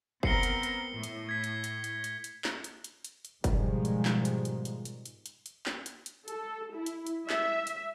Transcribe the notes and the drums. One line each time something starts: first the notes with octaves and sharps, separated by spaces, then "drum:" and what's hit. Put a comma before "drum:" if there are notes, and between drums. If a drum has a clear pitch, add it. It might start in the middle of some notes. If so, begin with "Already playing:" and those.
B3 C4 A#4 C7 C#7 G7, drum: kick
drum: hi-hat
drum: hi-hat
A2
drum: hi-hat
G#6 B6
drum: hi-hat
drum: hi-hat
drum: hi-hat
drum: hi-hat
drum: hi-hat
drum: clap
drum: hi-hat
drum: hi-hat
drum: hi-hat
drum: hi-hat
G#2 B2 D#3 F3 G3 G#3, drum: kick, hi-hat
drum: hi-hat
drum: clap
drum: hi-hat
drum: hi-hat
drum: hi-hat
drum: hi-hat
drum: hi-hat
drum: hi-hat
drum: hi-hat
drum: clap
drum: hi-hat
drum: hi-hat
A4, drum: hi-hat
E4
drum: hi-hat
drum: hi-hat
E5, drum: clap
drum: hi-hat